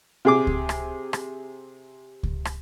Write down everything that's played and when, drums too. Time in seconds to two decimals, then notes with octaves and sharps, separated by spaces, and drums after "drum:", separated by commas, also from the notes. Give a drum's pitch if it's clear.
0.25 C3 G#4 D6
0.47 drum: kick C#2
0.69 drum: rim click
1.13 drum: rim click
2.23 drum: kick C#2
2.45 drum: rim click